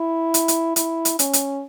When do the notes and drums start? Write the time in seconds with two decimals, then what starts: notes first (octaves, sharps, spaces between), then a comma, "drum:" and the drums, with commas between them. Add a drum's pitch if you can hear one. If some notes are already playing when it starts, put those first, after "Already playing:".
Already playing: E4
0.34 drum: hi-hat
0.48 drum: hi-hat
0.76 E4, drum: hi-hat
1.05 drum: hi-hat
1.19 C#4, drum: hi-hat
1.33 drum: hi-hat